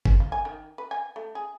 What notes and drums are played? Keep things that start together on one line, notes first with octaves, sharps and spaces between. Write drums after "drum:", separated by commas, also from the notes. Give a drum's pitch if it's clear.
G#3, drum: kick F#1
F4
G#5
D#3
B4
G#5
A3
G#4